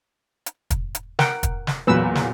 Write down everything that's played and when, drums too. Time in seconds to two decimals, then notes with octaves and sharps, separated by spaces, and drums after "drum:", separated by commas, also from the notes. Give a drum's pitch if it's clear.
0.46 drum: hi-hat
0.70 drum: kick, hi-hat
0.95 drum: hi-hat
1.19 A#4 F#5 G5, drum: snare
1.43 drum: kick, hi-hat
1.67 drum: snare
1.87 E2 A#2 F#3 B4 E6
2.15 drum: snare